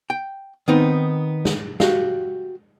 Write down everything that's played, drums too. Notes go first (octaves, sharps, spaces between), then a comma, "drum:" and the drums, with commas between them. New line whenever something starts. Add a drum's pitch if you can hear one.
G5
D#3 B3 C4 D#4
drum: snare
F#4 G4 F5, drum: snare